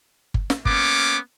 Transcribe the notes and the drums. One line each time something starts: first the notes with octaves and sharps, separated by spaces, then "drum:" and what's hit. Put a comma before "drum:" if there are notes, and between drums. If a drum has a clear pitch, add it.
drum: kick G1
drum: snare
A#3 B3 C#4 D6, drum: kick G1